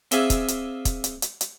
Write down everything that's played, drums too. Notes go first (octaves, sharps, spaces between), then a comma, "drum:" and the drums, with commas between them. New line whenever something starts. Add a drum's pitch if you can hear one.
C4 G#4 D5 E5 F5 G#5, drum: hi-hat
drum: kick, hi-hat
drum: hi-hat
drum: kick, hi-hat
drum: hi-hat
drum: hi-hat
drum: hi-hat